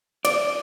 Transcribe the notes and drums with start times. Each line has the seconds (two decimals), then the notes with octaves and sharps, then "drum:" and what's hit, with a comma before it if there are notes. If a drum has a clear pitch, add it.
0.25 D5, drum: cymbal